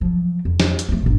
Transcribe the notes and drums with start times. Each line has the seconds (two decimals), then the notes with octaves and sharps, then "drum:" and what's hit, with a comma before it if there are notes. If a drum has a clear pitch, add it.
0.01 F3 F#3
0.45 F2
0.60 drum: snare
0.79 drum: hi-hat
0.89 F3 A3
1.03 G1 A#2